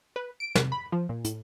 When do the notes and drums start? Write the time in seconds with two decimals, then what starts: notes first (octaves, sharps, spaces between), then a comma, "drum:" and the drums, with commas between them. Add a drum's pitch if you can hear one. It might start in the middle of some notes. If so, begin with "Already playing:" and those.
0.16 B4
0.40 D7
0.55 C3, drum: snare
0.72 B5
0.92 F3
1.09 A#2
1.25 A2, drum: hi-hat